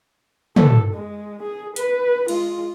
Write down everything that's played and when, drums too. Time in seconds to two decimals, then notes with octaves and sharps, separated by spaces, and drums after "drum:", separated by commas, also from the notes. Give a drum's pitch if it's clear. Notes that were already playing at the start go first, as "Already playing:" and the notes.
0.56 A4, drum: tom
0.93 G#3
1.43 G#4
1.76 B4, drum: hi-hat
2.28 G#3 F4, drum: cymbal